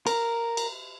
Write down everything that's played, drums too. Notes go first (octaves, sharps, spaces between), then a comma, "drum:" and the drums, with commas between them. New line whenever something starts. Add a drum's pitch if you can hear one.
A#4, drum: cymbal
drum: cymbal